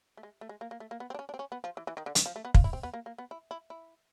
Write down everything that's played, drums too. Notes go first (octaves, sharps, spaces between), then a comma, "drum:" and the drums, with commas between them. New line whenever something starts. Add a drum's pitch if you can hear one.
A3
G#3
A3
G#3
A#3
A#3
A3
A#3
B3
C4
D4
C#4
D4
C4
C#4
B3
F3
E3
E3
D#3
D3
D#3, drum: hi-hat
F3
A3
B3
F4, drum: kick
E4
C4
B3
A#3
A#3
B3
E4
E4
E4